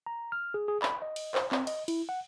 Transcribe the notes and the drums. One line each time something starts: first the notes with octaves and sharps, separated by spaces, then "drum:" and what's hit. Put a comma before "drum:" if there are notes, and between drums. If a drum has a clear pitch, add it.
A#5
F6
G#4
G#4
B5, drum: clap
D#5
drum: cymbal
C5, drum: clap
C4, drum: clap
D#5, drum: cymbal
E4, drum: cymbal
F#5